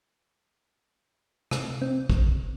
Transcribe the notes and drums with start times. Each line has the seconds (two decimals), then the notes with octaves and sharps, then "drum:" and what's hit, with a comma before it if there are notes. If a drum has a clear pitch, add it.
1.51 C3, drum: rim click
1.82 C4
2.10 drum: kick